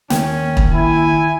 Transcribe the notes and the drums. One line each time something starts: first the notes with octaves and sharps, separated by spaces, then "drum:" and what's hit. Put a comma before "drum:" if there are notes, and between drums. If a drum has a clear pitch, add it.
D#2 C#4 G5, drum: snare
drum: kick
E4 G#5